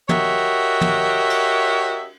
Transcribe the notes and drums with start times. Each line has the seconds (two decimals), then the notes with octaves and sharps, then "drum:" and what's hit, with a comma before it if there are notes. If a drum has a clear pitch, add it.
0.09 F#4 G4 A#4 C#5 D#5 E5, drum: tom
0.81 drum: tom
1.30 drum: cymbal